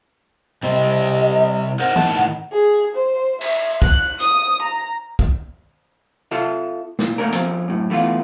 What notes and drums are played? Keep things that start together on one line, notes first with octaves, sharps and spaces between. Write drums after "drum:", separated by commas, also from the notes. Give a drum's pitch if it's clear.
C3 G3 C4 D#5
A#4 C5 D#5 F#5
A2 D#3 A5, drum: tom
G#4
C5
E5, drum: cymbal
F#6, drum: kick
D#6, drum: hi-hat
A#5
drum: kick
F4 A4 E5
A#2, drum: snare
A3 A#3 C#4 A#4
F3 C4 C#4, drum: hi-hat
F#2 A2
E3 A3 B3 F4